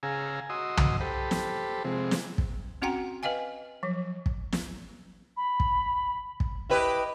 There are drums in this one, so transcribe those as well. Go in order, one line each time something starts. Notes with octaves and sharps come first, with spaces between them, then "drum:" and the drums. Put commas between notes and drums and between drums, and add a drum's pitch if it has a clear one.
C#3 G#4 F5 G#5 A#5 E6
F#4 D#5 C6 D#6 E6
drum: tom
G4 A4 C5 B5
drum: snare
C3 F3 G#3 C4
drum: snare
drum: kick
C4 C#4 F#4 F#5 G5 A#5
B4 D#5 F5 G5 G#5
F3 F#3
drum: kick
drum: snare
B5
drum: kick
drum: kick
E4 G4 B4 D#5